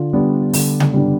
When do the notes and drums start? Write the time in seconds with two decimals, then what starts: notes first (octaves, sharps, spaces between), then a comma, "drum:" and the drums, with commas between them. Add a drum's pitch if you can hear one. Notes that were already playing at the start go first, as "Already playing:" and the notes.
Already playing: D3 F4
0.13 G3 B3 D4
0.53 D3, drum: open hi-hat
0.80 drum: tom C#3
0.93 G3 B3 D4